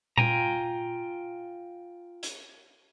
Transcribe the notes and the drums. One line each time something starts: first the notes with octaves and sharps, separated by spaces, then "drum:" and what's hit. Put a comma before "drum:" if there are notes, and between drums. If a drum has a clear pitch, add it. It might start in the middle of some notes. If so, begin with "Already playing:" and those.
F4 G5 G#5 A#5, drum: tom A#2
drum: hi-hat